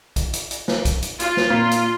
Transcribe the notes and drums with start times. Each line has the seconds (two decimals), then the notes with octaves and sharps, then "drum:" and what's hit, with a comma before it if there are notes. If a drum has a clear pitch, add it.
0.16 drum: kick B1, hi-hat
0.33 drum: hi-hat
0.51 drum: hi-hat
0.68 drum: snare
0.85 drum: kick B1, hi-hat
1.02 drum: hi-hat
1.20 F4, drum: hi-hat
1.37 drum: snare
1.50 A#2
1.71 drum: hi-hat